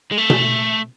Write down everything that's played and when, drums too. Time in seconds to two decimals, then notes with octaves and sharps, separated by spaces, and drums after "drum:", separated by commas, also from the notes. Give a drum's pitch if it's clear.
0.12 G#3
0.18 A3
0.30 drum: tom B2